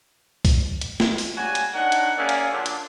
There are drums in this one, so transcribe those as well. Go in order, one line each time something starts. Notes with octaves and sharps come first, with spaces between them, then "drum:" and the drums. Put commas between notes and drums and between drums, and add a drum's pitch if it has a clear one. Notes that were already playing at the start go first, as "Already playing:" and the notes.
drum: kick C2, open hi-hat
drum: hi-hat
drum: snare
drum: open hi-hat
C#3 G3 F#4 G#5
drum: hi-hat
D4 D#4 A#4 C#5 F#5
drum: hi-hat
A#3 C#4 E4 G#4 D5 F5
drum: hi-hat
A#2 D3 F#3 D4
drum: hi-hat